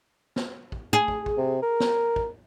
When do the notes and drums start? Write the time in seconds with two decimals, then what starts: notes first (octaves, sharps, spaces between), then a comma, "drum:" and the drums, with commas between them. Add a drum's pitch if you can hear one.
0.36 drum: snare
0.72 drum: kick
0.93 G#4
1.08 drum: kick
1.26 drum: kick
1.37 C3
1.62 A#4
1.80 drum: snare
2.16 drum: kick